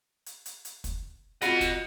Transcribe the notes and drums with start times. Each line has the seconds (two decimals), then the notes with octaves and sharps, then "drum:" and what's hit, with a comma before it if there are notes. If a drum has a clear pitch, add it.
0.26 drum: hi-hat
0.46 drum: hi-hat
0.65 drum: hi-hat
0.84 drum: kick, hi-hat
1.42 F4 F#4 D#5 B5, drum: hi-hat
1.61 drum: kick, hi-hat